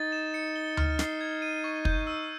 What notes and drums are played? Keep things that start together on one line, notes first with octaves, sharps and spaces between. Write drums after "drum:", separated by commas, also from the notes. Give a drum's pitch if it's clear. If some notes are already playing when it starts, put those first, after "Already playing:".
Already playing: D#4 A6
E7
C#7
G7
F6, drum: tom D2
C7, drum: snare
G#6
D#7
C#6
G6, drum: kick
E6